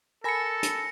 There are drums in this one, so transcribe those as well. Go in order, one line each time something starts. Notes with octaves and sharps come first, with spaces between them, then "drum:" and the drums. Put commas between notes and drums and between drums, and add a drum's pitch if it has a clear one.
A4 A#4 G#5 B5 A#6 C#7
drum: hi-hat